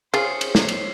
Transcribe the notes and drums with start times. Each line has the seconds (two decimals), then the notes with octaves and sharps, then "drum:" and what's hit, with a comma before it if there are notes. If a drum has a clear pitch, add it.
0.14 F4 G#4 C5 C#5 C7, drum: cymbal
0.41 drum: cymbal
0.55 drum: snare
0.68 drum: cymbal